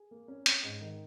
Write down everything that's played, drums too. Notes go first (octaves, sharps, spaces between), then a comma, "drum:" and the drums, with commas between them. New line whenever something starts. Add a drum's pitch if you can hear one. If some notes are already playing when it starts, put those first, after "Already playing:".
Already playing: G#4
A#3
C#4
C#4, drum: hi-hat
G#2
D#3